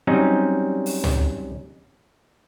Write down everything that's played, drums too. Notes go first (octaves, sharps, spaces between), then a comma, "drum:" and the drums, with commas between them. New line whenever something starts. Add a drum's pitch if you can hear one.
F#3 G3 C4 C#4 D#4
drum: open hi-hat
drum: tom C#2